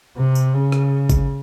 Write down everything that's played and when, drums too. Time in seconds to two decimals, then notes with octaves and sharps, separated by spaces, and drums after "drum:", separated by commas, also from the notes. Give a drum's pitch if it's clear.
0.17 C3
0.35 drum: tambourine
0.54 C#3
0.72 drum: rim click
1.10 drum: kick, tambourine